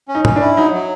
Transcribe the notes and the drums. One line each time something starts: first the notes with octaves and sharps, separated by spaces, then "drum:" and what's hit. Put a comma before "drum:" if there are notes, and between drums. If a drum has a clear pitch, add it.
C#4
D#4
C#4, drum: tom G#2
D4 E4
F#3 D#4
F#3